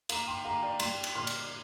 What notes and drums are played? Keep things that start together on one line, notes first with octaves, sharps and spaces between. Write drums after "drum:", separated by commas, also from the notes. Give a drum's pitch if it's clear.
A#3 F5 A#5, drum: cymbal
G5 C6
A#3 F5 A#5
D5 G5
G3 G5 C6, drum: cymbal
drum: cymbal
A#2 C6 F6
drum: cymbal